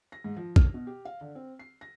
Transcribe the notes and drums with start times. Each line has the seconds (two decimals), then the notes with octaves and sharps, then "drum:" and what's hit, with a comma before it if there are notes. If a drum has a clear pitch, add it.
0.12 A#6
0.24 G#2
0.37 F3
0.56 F6, drum: kick
0.74 B2
0.87 G4
1.05 F5
1.21 D3
1.35 C4
1.59 C7
1.81 A#6